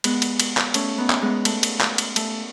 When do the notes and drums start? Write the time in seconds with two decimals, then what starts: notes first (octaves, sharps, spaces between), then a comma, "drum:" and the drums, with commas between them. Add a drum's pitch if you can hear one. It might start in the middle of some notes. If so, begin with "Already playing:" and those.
0.04 G#3 B3, drum: cymbal
0.22 drum: cymbal
0.40 drum: cymbal
0.57 drum: clap
0.74 A3 C#4, drum: cymbal
0.98 B3 D#4
1.10 drum: clap
1.21 G#3 B3
1.45 A3, drum: cymbal
1.63 drum: cymbal
1.81 drum: clap
1.98 drum: cymbal
2.16 A3, drum: cymbal